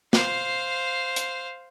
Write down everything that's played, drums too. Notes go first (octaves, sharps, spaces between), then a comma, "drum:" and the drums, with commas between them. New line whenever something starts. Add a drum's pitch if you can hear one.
C5 F5, drum: snare
drum: hi-hat